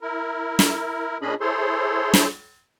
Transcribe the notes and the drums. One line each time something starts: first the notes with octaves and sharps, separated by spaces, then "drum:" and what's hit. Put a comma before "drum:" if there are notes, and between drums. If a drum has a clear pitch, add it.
E4 A#4
drum: snare
A#2 C#4 D4 G#4 D#5 B5
E4 G#4 A4 C5 C#5 C6
drum: snare